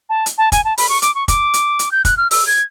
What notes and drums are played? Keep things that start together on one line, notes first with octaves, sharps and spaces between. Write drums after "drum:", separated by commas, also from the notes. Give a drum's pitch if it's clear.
A5
drum: hi-hat
A5
G#5, drum: kick, hi-hat
A5
B5, drum: open hi-hat
C#6
D6, drum: hi-hat
C#6
D6, drum: kick, hi-hat
drum: hi-hat
drum: hi-hat
G6
F#6, drum: kick, hi-hat
F6
E6, drum: open hi-hat
G#6